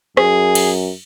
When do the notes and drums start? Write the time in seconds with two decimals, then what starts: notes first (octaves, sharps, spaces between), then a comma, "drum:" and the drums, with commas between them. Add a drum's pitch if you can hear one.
0.17 F#2 G#4, drum: rim click
0.55 drum: cymbal